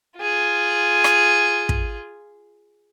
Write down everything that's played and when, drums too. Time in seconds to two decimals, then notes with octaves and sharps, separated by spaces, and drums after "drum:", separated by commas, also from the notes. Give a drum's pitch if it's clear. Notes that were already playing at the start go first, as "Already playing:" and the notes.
0.18 F4 G#4
1.04 drum: rim click
1.69 drum: kick